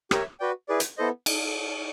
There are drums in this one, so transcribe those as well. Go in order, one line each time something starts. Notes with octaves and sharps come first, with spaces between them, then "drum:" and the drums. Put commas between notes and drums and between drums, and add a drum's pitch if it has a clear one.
G4 A#4 C#5 E5, drum: rim click
F#4 B4 D5 G5
E4 G#4 B4 D5
drum: hi-hat
B3 E4 A4 C5 D#5
drum: cymbal